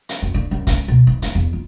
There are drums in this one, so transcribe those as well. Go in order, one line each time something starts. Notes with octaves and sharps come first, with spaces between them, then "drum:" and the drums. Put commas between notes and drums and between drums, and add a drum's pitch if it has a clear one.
drum: hi-hat
F#2
D3
F#2
C#2, drum: kick, hi-hat
B2
E3
D#4, drum: hi-hat
E2
F4